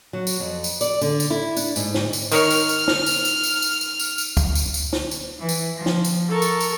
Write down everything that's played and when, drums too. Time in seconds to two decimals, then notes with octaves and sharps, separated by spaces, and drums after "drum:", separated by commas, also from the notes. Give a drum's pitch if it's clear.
0.13 F#3
0.27 drum: tambourine
0.40 F2
0.64 drum: tambourine
0.81 D5, drum: tambourine
1.01 D3, drum: tambourine
1.20 drum: tambourine
1.30 E4
1.57 D4, drum: tambourine
1.76 G#2, drum: tambourine
1.95 drum: snare
2.13 drum: tambourine
2.32 D#3 A#4 C#5 F6, drum: tambourine
2.50 drum: tambourine
2.69 drum: tambourine
2.88 drum: snare
3.06 drum: tambourine
3.25 drum: tambourine
3.44 drum: tambourine
3.62 drum: tambourine
3.81 drum: tambourine
4.00 drum: tambourine
4.18 drum: tambourine
4.37 drum: kick, tambourine
4.55 drum: tambourine
4.74 drum: tambourine
4.93 drum: snare
5.11 drum: tambourine
5.38 E3
5.49 drum: tambourine
5.76 F3
5.86 drum: snare
6.05 drum: tambourine
6.29 A4 A#4 C#6
6.42 drum: tambourine
6.61 drum: tambourine